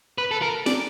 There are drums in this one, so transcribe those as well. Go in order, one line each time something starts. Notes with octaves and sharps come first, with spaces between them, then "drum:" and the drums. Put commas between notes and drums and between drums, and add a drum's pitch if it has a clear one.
B4
A4
A#4
D5, drum: snare